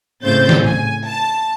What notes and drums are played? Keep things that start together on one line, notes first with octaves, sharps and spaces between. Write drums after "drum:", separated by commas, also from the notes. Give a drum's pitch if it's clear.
A2 C#3 C4 C5 G6 A6
drum: snare
G#5, drum: tom A2
A5